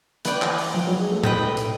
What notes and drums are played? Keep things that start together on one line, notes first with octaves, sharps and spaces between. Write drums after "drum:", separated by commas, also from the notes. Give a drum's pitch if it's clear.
E3 B4 D5 G5, drum: hi-hat
drum: clap
drum: open hi-hat
F3
F#3
G#3
A3
B4 D#5 G5, drum: tom A2
drum: hi-hat